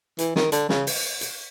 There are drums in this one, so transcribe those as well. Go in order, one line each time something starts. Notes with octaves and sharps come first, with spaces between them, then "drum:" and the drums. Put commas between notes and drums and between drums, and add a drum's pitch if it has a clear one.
E3, drum: hi-hat
D#3, drum: snare
D3, drum: hi-hat
C#3, drum: snare
drum: open hi-hat
drum: hi-hat